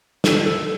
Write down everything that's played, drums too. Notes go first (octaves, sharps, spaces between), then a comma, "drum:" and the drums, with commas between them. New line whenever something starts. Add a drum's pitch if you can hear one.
A4, drum: snare
A4